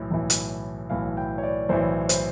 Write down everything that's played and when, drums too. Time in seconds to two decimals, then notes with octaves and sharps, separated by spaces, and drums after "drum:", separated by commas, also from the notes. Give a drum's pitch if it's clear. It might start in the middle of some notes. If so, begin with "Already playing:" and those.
Already playing: B1 A2 E3
0.11 B1 A2 E3
0.30 drum: hi-hat
0.90 B1 A2 E3 F5
1.17 G5
1.38 C#5
1.43 D5
1.69 B1 A2 E3 C5
2.09 C5, drum: hi-hat